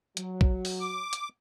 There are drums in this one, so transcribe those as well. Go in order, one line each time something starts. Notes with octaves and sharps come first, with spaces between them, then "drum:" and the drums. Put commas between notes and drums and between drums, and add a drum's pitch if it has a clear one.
F#3, drum: hi-hat
drum: kick
drum: open hi-hat
D6
drum: hi-hat